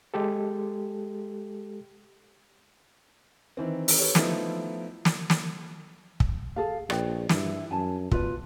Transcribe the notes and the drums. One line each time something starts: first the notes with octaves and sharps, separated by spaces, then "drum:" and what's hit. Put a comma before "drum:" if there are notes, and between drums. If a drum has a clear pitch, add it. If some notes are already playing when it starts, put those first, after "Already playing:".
G#3 G4 A4
D#3 E3 C4
drum: open hi-hat
G4 A4 B4 C#5
F3 A3 B3 D#4 E4, drum: snare
drum: snare
drum: snare
drum: kick
G#4 A4 F5
A#1 B4 D5 G5, drum: rim click
G2 E4, drum: snare
F#2 G#5 A5
B2 F4 B4 D5, drum: kick